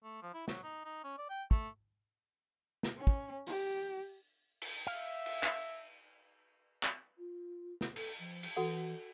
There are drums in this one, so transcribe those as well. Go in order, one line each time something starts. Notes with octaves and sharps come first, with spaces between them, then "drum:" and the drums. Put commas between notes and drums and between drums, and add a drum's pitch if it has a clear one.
A3
F3
E4
F#3, drum: snare
D#4
D#4
C#4
D5
G5
A3, drum: kick
drum: snare
C#4
drum: kick
G4, drum: open hi-hat
drum: cymbal
E5 F5
drum: cymbal
drum: clap
drum: clap
F4
drum: snare
A4, drum: cymbal
F3
drum: cymbal
E3 F#4 A4 F#5